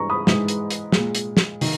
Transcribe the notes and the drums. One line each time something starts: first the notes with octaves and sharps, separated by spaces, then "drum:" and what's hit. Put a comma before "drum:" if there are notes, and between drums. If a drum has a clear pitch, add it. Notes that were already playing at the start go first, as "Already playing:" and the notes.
Already playing: G2 E3 G#3 A#5 C#6
B5 D#6
G#2 E3 G#3, drum: snare
drum: hi-hat
drum: hi-hat
A#2 G#3, drum: snare
drum: hi-hat
drum: snare
D#3, drum: open hi-hat